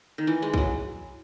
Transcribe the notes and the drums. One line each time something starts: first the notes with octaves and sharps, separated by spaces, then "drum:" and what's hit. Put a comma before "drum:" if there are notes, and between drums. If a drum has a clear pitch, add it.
D#3
E3
G#3
E3 F#3, drum: kick